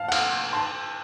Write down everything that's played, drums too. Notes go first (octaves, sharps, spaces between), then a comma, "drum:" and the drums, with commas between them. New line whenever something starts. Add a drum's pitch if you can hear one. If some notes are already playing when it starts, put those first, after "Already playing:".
Already playing: F5 A5
F#5
F5, drum: cymbal
A5 C6